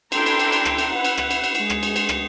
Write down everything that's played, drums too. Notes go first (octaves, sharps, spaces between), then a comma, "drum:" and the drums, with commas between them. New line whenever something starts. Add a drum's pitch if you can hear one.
D4 E4 A4 G5 A#5 C6, drum: cymbal
drum: cymbal
drum: cymbal
drum: cymbal
drum: rim click
drum: cymbal
E4 B4 F#5
drum: cymbal
drum: rim click
drum: cymbal
drum: cymbal
G#3, drum: cymbal
drum: rim click
drum: cymbal
drum: cymbal
drum: rim click